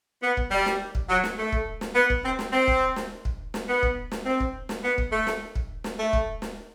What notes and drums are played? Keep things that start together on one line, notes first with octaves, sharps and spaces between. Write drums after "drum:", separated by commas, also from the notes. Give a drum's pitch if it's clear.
B3
drum: kick
G3
drum: snare
drum: kick
F#3
drum: snare
A3
drum: kick
drum: snare
B3
drum: kick
C4
drum: snare
C4
drum: kick
drum: snare
drum: kick
drum: snare
B3
drum: kick
drum: snare
C4
drum: kick
drum: snare
B3
drum: kick
A3
drum: snare
drum: kick
drum: snare
A3
drum: kick
drum: snare